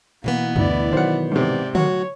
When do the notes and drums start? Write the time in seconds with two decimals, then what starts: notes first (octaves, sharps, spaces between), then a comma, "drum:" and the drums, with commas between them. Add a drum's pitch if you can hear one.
0.24 B2 E3 A#3 B3
0.56 D2 E4 D5, drum: tom F#2
0.93 D#3 F#3 C5 F#5
1.32 G#2 C3 D5 G5
1.75 A2 F#3 F#4 C#5, drum: tom D3